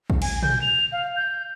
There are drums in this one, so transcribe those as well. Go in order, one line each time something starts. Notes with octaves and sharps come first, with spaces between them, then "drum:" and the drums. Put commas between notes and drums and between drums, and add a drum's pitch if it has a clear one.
drum: kick
G#5, drum: cymbal
G6, drum: tom
F7
F5
G6